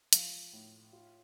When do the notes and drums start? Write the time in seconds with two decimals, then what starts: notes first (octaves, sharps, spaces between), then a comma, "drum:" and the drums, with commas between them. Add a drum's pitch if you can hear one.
0.13 F3, drum: hi-hat
0.53 A2
0.93 F4